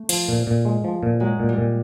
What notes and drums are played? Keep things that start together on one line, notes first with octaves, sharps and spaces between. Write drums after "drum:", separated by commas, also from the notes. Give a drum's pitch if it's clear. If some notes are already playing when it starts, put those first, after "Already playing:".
Already playing: A3
F3, drum: cymbal
A#2
A#2
G#3
F3
A#2
F#3 G#3
A#2
G3
A#2